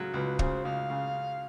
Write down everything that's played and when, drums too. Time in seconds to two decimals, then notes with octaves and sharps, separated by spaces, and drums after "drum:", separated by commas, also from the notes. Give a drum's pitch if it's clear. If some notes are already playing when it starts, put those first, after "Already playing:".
Already playing: C#2 C#3 F#3
0.14 C#2 B4
0.39 C#3 C5, drum: kick
0.65 C#2 F5
0.90 C#3